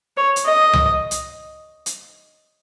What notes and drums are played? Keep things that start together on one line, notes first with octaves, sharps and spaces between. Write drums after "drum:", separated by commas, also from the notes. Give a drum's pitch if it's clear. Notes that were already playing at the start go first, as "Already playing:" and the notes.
C#5
drum: hi-hat
D#5
drum: tom C#2
drum: hi-hat
drum: hi-hat